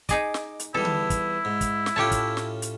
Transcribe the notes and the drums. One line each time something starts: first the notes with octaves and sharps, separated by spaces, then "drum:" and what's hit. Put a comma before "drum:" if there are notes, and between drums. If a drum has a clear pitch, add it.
D#4 G#4 D#5 D6, drum: kick, hi-hat
drum: snare
drum: hi-hat
E2 G3 E4 A4
drum: tom D3
drum: kick, hi-hat
G#2
drum: kick, hi-hat
drum: snare
A2 C#4 F4 G4 C#5 A5
drum: kick, hi-hat
drum: snare
drum: hi-hat